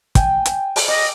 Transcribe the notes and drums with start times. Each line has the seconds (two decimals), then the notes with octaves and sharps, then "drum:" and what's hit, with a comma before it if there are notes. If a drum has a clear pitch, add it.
0.15 G5 G#5, drum: kick, hi-hat
0.46 drum: hi-hat
0.76 drum: open hi-hat
0.88 D#5 D6